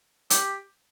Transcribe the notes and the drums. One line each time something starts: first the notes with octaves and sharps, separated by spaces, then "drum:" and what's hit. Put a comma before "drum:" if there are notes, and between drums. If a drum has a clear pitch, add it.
G4, drum: hi-hat